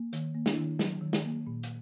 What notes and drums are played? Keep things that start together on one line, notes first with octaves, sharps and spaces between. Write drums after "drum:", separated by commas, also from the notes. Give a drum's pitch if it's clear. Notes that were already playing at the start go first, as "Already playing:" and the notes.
Already playing: A#3
D#3, drum: hi-hat
A#3
D4 E4, drum: snare
D#3
F#3, drum: snare
D#3
drum: snare
A#3
A#2
drum: hi-hat